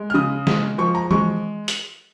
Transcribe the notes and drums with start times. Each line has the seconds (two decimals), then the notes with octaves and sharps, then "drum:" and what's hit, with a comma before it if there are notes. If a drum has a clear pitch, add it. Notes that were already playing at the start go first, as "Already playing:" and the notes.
Already playing: G#3
0.10 F6
0.14 C#3 D#6
0.47 G#3, drum: snare
0.78 F3 C#6
0.95 A#5
1.11 G#3 C#6, drum: tom E3
1.68 drum: hi-hat